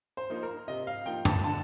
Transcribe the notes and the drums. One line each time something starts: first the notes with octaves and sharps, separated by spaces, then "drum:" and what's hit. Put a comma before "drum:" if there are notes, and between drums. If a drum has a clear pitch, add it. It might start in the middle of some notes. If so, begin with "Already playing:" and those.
C5
F3 A#3 D#4
A#4
C3 D#5
F5
F3 A#3 D#4 G5
A5, drum: tom F#2
D3 A5